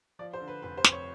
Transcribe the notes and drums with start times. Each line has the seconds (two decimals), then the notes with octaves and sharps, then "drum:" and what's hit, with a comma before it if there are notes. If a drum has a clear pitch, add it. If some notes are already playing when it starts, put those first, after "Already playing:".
0.19 F3 D5
0.33 C5
0.40 D3
0.48 B4
0.62 F1 B4
0.77 C5
0.84 F2, drum: snare
0.92 C#5